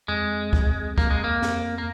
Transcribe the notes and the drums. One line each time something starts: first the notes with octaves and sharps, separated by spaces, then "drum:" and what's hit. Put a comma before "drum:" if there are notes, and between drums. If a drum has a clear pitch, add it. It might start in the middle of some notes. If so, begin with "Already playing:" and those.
F2 G#3
drum: kick
A#3, drum: kick
G#3
A#3
F2, drum: snare
A#3